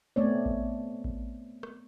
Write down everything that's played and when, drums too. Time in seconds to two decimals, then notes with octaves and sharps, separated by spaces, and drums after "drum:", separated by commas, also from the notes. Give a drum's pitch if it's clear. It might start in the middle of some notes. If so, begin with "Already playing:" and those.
0.16 A3 B3 C4 C#5 D5
0.46 drum: kick A1
1.04 drum: kick A1
1.63 drum: rim click